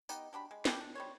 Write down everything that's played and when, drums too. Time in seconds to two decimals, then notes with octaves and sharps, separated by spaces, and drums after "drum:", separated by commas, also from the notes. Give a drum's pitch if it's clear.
0.09 B3 D#4 G4 D#5, drum: tambourine
0.33 F#3 D4 G4 B5
0.51 G#3
0.65 E3 C#4 D4 G4, drum: snare
0.81 D4
0.95 G3 C5 C#5